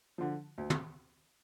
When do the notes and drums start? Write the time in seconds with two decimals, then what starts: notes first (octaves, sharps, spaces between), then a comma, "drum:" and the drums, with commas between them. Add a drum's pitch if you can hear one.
0.18 D3 F3
0.58 D2
0.70 drum: tom